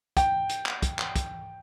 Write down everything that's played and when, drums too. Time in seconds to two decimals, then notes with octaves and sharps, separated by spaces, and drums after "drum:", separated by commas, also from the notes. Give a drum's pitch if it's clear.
0.17 G5, drum: kick, hi-hat
0.49 drum: hi-hat
0.66 drum: clap
0.82 drum: kick, hi-hat
0.99 drum: clap
1.16 drum: kick, hi-hat